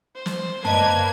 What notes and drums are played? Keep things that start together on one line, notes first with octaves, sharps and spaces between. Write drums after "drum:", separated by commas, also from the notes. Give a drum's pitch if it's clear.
C5
drum: snare
A#3 B4 C5 D5 D#5 A5 G#6, drum: tom F#2